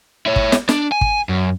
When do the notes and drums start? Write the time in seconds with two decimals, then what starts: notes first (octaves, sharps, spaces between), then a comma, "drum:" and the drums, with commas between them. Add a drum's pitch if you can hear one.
0.26 E4 C#5
0.36 drum: kick G#1
0.52 drum: snare
0.69 D4, drum: snare
0.92 G#5
1.01 drum: kick G#1
1.29 F#2